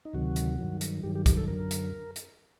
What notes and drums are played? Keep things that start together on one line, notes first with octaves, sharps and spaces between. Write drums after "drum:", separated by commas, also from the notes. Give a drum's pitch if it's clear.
D#4
D2 C3 D#3 F#3 F#4
drum: hi-hat
G2 D#3 F#3
drum: hi-hat
G2 D#3 F#3 G4
G4
G4, drum: kick, hi-hat
A4
F#2 D3 F#3 A#4
drum: hi-hat
drum: hi-hat